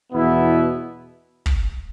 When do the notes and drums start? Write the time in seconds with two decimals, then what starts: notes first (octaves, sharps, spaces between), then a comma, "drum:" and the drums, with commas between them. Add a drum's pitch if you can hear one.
0.12 E2 B2 B3 E4
1.46 drum: kick